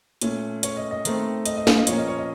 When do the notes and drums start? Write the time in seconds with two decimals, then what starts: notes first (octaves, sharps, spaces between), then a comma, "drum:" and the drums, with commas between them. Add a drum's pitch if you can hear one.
0.22 A#2 A3 C#4, drum: hi-hat
0.63 C#5, drum: hi-hat
0.77 D#5
0.91 D#5
1.05 D#3 A3 C4, drum: hi-hat
1.46 D#5, drum: hi-hat
1.57 D#5
1.67 F5, drum: snare
1.78 D#5
1.87 A#2 F3 A#3 C#4 C#5, drum: hi-hat
1.98 D#5
2.08 C#5
2.18 D#5